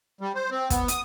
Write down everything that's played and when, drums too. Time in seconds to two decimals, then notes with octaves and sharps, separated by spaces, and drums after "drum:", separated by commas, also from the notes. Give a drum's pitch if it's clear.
0.21 G3
0.35 C5
0.51 C4
0.70 B3, drum: kick, hi-hat
0.88 D#6, drum: hi-hat